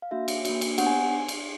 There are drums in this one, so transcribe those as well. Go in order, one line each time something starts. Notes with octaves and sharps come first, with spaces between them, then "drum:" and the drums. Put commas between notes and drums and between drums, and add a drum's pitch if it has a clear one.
F5
A#3 D4 F#4 E5
drum: cymbal
A#3 D4 F#4, drum: cymbal
drum: cymbal
B3 D4 G4 F#5, drum: cymbal
G#5
drum: cymbal